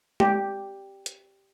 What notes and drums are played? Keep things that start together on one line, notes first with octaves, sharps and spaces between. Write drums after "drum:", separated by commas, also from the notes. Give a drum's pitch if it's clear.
G4, drum: tom G#3
drum: hi-hat